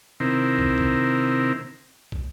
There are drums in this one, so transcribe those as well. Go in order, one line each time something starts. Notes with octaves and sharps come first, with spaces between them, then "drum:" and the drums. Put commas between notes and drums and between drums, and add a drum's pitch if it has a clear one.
C3 D#3 C4 E4 A#4
drum: kick
drum: kick
drum: kick